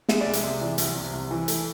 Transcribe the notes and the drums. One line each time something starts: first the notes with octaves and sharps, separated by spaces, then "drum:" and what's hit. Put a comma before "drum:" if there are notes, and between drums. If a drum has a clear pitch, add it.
G#3 E5, drum: snare
D5
C2
E5, drum: hi-hat
C3
E3
C2, drum: hi-hat
C3
C2
E3
A3, drum: hi-hat